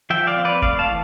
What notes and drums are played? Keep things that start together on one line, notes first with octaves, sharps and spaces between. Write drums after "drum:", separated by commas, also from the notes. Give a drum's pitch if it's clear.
F3 E5 G5
D5 F5
C4
B4 D5
A3 D5 F5, drum: kick
F5 A5
E3